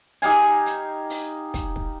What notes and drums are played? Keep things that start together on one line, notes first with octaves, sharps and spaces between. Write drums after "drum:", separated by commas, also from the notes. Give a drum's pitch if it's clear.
D#4 G4 F5 G#5, drum: hi-hat
drum: hi-hat
drum: open hi-hat
drum: kick, hi-hat
drum: kick